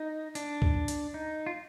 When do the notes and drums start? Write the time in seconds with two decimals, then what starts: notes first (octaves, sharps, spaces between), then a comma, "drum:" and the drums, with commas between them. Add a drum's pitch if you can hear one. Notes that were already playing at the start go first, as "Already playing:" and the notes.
Already playing: D#4
0.35 D4, drum: hi-hat
0.62 drum: kick C#2
0.88 drum: hi-hat
1.14 D#4
1.46 F4